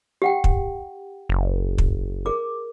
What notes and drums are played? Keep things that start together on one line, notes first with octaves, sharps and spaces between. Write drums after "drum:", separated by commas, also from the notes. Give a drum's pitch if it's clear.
G4 F#5 G5
drum: kick
F#1
drum: kick
G#4 A#4 D6